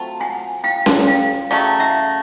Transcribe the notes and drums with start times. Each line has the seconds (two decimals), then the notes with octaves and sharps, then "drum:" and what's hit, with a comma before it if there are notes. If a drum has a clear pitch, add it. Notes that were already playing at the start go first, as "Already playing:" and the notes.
Already playing: F#3 A3 C4 F4
0.21 F#5 G#5
0.64 F5 G5
0.86 drum: snare C#4
1.08 F5 G5
1.51 C#3 F#3 A3 F5 G5
1.80 E5 F#5